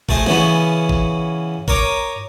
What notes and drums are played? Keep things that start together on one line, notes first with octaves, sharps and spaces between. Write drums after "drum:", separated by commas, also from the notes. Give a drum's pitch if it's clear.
A3 G#4 C5 D#5, drum: kick G#1
C#3 E3 B3 C#4, drum: snare
drum: kick G#1
A#4 C#5 A#5 D6 D#6, drum: kick G#1